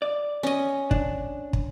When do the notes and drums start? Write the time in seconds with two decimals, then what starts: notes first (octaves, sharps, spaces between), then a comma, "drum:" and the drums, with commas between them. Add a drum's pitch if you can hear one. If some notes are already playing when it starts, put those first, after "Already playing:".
0.02 D5
0.43 C#4 D#5
0.91 D4, drum: kick
1.53 drum: kick